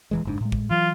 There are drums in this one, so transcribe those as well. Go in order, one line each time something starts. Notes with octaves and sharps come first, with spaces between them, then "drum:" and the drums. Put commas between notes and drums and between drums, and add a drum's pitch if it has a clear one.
D#1 E3 G#3
F#1 G#2 D4
A2 G#3
drum: kick
E3 F#3 F4